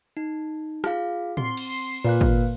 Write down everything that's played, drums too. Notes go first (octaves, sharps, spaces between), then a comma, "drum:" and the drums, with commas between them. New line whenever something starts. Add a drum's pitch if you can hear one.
D#4
F4 G#4 F5, drum: rim click
C4 C6, drum: tom A2
drum: cymbal
A#2 B4 F5 F#6
drum: kick